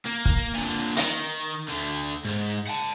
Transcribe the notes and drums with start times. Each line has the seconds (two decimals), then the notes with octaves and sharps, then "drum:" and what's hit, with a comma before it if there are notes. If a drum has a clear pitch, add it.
0.06 A#3
0.26 drum: kick
0.54 A#2 D3
0.96 D#3, drum: hi-hat
1.68 D2 D3
2.25 G#2
2.67 F#5 A5